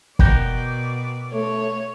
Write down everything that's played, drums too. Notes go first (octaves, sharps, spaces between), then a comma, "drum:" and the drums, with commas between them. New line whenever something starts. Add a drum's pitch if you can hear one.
B2 A#4 D5 F#5 G5, drum: kick
A3 C#5